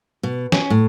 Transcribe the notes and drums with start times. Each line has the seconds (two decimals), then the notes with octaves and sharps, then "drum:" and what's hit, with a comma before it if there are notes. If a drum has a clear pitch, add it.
0.23 B2
0.52 C#4, drum: snare
0.70 A2